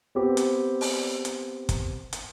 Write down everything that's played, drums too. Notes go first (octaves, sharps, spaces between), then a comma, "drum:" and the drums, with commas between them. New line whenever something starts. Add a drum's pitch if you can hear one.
B3 C4 G4
drum: hi-hat
drum: open hi-hat
drum: hi-hat
drum: kick, hi-hat
drum: hi-hat